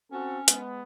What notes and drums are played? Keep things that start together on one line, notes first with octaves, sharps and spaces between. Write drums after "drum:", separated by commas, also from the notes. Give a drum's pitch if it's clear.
C4 C#4 F#4 A4
G#3 B3, drum: hi-hat